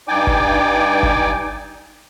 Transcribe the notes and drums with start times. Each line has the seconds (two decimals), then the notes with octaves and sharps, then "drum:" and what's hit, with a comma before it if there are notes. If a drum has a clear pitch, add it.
0.08 G2 D#4 D5 G5 G#5 D6
0.27 drum: kick G1
1.03 drum: kick G1